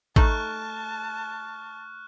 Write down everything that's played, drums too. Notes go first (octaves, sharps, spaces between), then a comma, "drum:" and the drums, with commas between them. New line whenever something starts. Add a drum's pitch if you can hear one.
A3 D#4 A5 C#6 F6 F#6, drum: kick